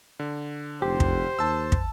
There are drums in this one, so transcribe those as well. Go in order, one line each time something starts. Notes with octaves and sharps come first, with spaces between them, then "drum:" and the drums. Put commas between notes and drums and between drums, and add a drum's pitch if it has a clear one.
D3
F1 G4 C5
drum: kick
D#2 A5 E6
drum: kick